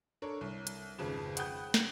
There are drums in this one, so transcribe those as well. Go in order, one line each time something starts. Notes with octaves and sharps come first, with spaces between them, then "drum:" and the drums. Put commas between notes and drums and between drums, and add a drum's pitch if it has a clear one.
D4 A4 A#4 C#5
C2
drum: hi-hat
G#1 F2 C#3 B4 E7
F#5 G5 B5 D#6 F#6 G6, drum: hi-hat
G6 G#6 C#7 D7 F#7, drum: snare